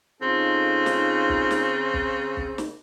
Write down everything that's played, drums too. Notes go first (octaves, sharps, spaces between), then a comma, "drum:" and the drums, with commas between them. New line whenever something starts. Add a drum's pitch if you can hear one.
C#3 C4 D#4 F4 A4
drum: snare
drum: kick
drum: snare
drum: kick
drum: kick
drum: snare